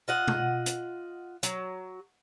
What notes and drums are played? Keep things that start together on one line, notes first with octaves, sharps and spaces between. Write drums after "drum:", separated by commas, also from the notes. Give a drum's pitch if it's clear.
F4 D#5 F#5
drum: tom
drum: hi-hat
F#3, drum: hi-hat